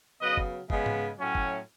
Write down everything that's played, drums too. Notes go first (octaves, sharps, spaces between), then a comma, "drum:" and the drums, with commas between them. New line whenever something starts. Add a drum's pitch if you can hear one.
C#3 F#3 B3 B4 D#5
drum: kick
C#3 G#3 B3, drum: kick
drum: tom G#2
A2 F#3 C#4
drum: kick